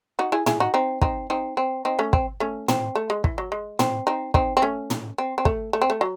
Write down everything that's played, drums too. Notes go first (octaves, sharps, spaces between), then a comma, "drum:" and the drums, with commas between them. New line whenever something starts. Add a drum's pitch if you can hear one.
D#4 F#4
E4 G#4
E4 G#4, drum: tom
D#4 F#4
C4 D#4
C4 D#4, drum: kick
C4 D#4
C4
C4 D#4
A3 C#4
C4, drum: kick
A3 C#4
C4, drum: tom
A3
G#3
E3, drum: kick
F#3
G#3
C4, drum: tom
C4 D#4
C4 D#4, drum: kick
C4
A3 C#4
drum: tom
C4
C4
A3, drum: kick
A3
C4
A3
F#3